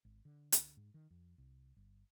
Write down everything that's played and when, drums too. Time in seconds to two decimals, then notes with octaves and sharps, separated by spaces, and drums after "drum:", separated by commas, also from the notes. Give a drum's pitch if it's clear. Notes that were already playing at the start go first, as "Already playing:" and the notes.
0.05 G#1
0.25 D3
0.52 drum: hi-hat
0.77 G#2
0.94 D#3
1.10 F2
1.38 C2
1.77 G1